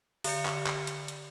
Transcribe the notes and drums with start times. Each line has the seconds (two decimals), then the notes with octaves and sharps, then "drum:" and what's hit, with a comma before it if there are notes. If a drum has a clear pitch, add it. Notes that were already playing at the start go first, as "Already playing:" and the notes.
0.24 D3 G4 D5 C#7, drum: open hi-hat
0.45 drum: clap
0.66 drum: clap
0.87 drum: hi-hat
1.08 drum: hi-hat